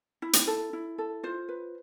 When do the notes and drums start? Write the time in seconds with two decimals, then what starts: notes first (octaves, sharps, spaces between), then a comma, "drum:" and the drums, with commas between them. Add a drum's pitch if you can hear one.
0.22 E4
0.33 drum: hi-hat
0.47 A4
0.73 E4
0.98 A4
1.23 F4 C5
1.49 B4